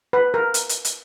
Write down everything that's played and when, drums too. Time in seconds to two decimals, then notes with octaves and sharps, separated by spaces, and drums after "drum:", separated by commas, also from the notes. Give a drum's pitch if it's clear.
0.13 B4
0.34 A#4
0.54 drum: hi-hat
0.69 drum: hi-hat
0.85 drum: hi-hat